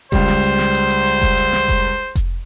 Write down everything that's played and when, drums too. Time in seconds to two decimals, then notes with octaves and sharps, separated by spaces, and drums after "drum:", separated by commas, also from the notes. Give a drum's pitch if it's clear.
0.12 C#2 G3 C5, drum: kick F1, hi-hat
0.28 drum: snare
0.43 drum: hi-hat
0.59 drum: snare
0.75 drum: hi-hat
0.90 drum: hi-hat
1.06 drum: open hi-hat
1.22 drum: kick F1, hi-hat
1.37 drum: hi-hat
1.53 drum: snare
1.68 drum: kick F1, hi-hat
2.15 drum: kick F1, hi-hat